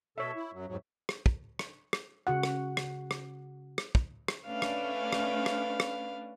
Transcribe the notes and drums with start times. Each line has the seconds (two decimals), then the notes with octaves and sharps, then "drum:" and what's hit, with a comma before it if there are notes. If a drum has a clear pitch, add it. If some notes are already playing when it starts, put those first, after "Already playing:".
0.18 B2 A4 C#5 E5
0.36 E4
0.54 F#2 F#3
0.68 F2 G#2 F#3
1.09 drum: rim click
1.26 drum: kick
1.59 drum: rim click
1.93 drum: rim click
2.27 C#3 F#4 F#5
2.43 drum: rim click
2.77 drum: rim click
3.11 drum: rim click
3.78 drum: rim click
3.95 drum: kick
4.28 drum: rim click
4.46 A3 C#4 D4 B4 F5
4.62 drum: rim click
5.13 drum: rim click
5.46 drum: rim click
5.80 drum: rim click